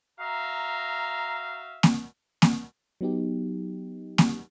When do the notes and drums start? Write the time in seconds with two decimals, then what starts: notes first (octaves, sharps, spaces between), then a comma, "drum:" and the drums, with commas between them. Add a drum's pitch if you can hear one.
0.19 F#4 E5 F5 A#5
1.83 drum: snare A#3
2.42 drum: snare A#3
3.01 F#3 B3 D#4 G4
4.18 drum: snare A#3